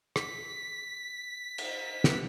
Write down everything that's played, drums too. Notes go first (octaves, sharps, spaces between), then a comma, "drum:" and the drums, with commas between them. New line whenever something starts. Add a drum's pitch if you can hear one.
B6, drum: rim click
drum: cymbal
E3 G3 D4, drum: snare